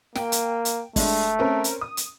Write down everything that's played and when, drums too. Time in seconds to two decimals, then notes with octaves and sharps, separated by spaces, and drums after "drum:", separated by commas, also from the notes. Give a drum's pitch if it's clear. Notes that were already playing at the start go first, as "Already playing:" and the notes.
0.15 A#3 G5, drum: snare
0.32 drum: hi-hat
0.65 drum: hi-hat
0.96 G#3 A3 D4, drum: kick F#1, open hi-hat
1.39 C4 C#4 A#4
1.64 drum: hi-hat
1.81 D#6
1.97 drum: hi-hat